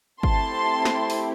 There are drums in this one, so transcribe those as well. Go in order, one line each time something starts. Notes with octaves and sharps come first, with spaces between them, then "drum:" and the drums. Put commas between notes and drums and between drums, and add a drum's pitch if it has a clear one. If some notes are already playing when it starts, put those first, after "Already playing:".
A3 C4 E4 G4 A5 C6, drum: kick G1
drum: snare
drum: open hi-hat